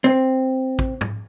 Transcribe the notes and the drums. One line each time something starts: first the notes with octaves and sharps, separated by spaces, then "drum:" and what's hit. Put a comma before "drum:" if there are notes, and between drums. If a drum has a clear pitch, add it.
C4
drum: kick
drum: tom